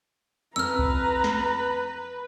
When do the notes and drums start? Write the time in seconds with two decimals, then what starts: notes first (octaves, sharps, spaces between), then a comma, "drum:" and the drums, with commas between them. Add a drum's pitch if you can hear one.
0.56 F2 B4 A#5 E6 F6
0.79 drum: kick C2
1.24 drum: snare